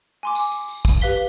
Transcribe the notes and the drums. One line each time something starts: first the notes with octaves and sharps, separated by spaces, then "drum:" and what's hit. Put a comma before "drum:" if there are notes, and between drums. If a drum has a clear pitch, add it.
G#5 C6 D6
drum: tambourine
drum: tambourine
drum: tambourine
drum: kick, tambourine
G4 B4 F5 B6 G7, drum: tambourine